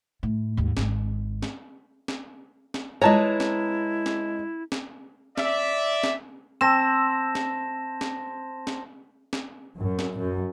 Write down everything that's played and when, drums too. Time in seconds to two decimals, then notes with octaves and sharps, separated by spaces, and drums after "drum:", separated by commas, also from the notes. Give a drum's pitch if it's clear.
0.23 A2
0.57 D#2 G#2
0.77 G#1 G#3, drum: snare
1.42 drum: snare
2.08 drum: snare
2.74 drum: snare
3.02 G#3 E4 B4 C#5 D#5 A5 A#5
3.40 drum: snare
4.06 drum: snare
4.72 drum: snare
5.38 D5 E5, drum: snare
6.03 drum: snare
6.61 C4 A5 A#6 E7
7.35 drum: snare
8.01 drum: snare
8.67 drum: snare
9.33 drum: snare
9.78 F#2
9.99 drum: snare
10.18 F#2